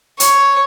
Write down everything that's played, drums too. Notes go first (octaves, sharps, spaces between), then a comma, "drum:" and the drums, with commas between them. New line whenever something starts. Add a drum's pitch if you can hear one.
C#5, drum: hi-hat